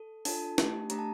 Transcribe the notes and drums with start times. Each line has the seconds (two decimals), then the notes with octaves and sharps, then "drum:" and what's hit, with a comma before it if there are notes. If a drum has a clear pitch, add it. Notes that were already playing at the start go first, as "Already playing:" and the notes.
Already playing: A4
0.25 D4 F4 A4 A5, drum: open hi-hat
0.58 A3 D4 G4, drum: snare
0.90 A3 D4 G4 A#5, drum: hi-hat
0.99 A5